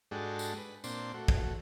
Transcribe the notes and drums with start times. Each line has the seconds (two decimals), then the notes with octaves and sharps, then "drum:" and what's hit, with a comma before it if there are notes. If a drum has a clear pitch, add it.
0.11 G#2 G#3 D4 F#4 G4 A4
0.39 drum: tambourine
0.58 B4
0.84 A#2 C4 D4 C6, drum: tambourine
1.14 A3 F#4
1.28 drum: kick